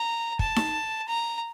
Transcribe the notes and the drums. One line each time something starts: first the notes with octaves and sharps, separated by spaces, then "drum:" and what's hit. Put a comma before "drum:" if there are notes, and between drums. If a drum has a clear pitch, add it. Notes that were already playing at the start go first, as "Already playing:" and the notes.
Already playing: A#5
A5, drum: kick
drum: snare D#4
A#5